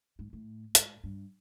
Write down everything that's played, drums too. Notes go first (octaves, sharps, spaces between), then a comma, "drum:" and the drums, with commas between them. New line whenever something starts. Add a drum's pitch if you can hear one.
G#2
A2
G#2, drum: hi-hat
G2